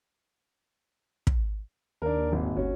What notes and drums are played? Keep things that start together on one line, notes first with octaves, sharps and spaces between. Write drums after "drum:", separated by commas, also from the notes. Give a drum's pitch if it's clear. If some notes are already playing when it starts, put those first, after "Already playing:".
drum: kick
D#2 D4 A#4
D#1 G#1
G1 C#4 F#4